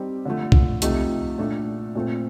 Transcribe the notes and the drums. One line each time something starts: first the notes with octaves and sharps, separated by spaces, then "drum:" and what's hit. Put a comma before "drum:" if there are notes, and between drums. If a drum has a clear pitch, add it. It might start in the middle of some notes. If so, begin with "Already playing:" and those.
Already playing: G3 C4 D#4 G4
D3 F3 A3
drum: kick C2
C3 F3 A3 D#4 G4, drum: hi-hat
A#2 A3 D4
A#2 A3 C4